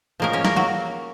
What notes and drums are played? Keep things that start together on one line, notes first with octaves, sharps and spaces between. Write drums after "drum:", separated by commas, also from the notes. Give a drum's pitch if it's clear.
F3 G#3 A#3 C#4 A#4
C#4 C#5
A#3 A#4, drum: snare
F#3 F#4